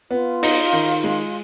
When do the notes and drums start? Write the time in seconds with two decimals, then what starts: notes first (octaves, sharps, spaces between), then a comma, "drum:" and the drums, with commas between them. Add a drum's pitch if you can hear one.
0.11 B3 F4
0.43 D#4, drum: open hi-hat
0.73 D#3
1.04 G#3